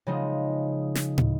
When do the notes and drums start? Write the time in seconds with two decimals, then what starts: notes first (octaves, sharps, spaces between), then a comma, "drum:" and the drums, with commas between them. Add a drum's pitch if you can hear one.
0.07 C#3 F3 G#3 D#4
0.95 drum: snare
1.18 drum: tom